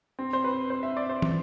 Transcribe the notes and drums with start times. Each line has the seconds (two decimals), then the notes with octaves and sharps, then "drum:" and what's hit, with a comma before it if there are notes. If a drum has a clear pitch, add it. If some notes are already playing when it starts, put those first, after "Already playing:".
0.19 C4
0.33 C5
0.44 B4
0.70 C5
0.83 E5
0.97 D5
1.09 C5
1.22 drum: tom